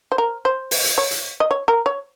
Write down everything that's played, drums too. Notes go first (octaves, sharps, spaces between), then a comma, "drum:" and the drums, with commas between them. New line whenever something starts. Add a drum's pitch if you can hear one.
C5
A#4
C5
drum: open hi-hat
drum: hi-hat
C#5
drum: hi-hat
D#5
C#5
A#4
C#5